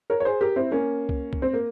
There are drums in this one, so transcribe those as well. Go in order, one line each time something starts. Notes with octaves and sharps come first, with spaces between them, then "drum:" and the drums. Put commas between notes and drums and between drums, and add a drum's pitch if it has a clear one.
A#4 C#5
C#5
G#4 C5
G4 A#4
C4 E4
A#3 C#4
drum: kick
drum: kick
C4
A#3